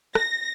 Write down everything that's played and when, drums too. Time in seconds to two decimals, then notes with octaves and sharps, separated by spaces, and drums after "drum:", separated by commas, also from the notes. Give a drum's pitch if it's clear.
0.15 A#6, drum: rim click